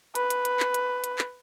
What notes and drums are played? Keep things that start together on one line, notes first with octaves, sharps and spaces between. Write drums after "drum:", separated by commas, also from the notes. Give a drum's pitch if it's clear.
B4, drum: hi-hat
drum: hi-hat
drum: hi-hat
drum: clap
drum: hi-hat
drum: hi-hat
drum: clap